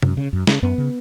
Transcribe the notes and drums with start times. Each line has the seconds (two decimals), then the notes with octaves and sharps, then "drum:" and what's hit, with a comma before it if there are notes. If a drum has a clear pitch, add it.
0.02 F#2, drum: tom C3
0.17 C#3
0.33 F#2
0.47 C#3, drum: snare
0.62 F#2 B3
0.78 C#3